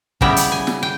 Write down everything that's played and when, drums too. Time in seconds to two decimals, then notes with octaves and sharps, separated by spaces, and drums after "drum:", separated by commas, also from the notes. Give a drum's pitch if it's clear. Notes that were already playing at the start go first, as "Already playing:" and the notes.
0.21 C#3 G3 B3 E4 G5, drum: kick
0.36 drum: hi-hat
0.52 G#5
0.67 drum: snare
0.83 G5